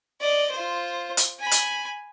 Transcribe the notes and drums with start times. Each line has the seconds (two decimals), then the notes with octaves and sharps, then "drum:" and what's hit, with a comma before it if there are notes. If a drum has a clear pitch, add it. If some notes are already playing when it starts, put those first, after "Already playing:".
0.20 D5 D#5
0.51 F4 C5
1.17 drum: hi-hat
1.40 G#5 B5
1.51 drum: hi-hat